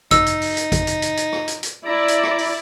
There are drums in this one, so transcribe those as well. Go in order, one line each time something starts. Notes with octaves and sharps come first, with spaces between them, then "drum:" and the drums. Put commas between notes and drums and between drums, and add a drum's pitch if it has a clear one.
D#4 E6, drum: kick, hi-hat
drum: hi-hat
drum: open hi-hat
drum: hi-hat
drum: kick, hi-hat
drum: hi-hat
drum: hi-hat
drum: hi-hat
drum: rim click
drum: hi-hat
drum: hi-hat
E4 D5 A#5
drum: hi-hat
drum: rim click
drum: open hi-hat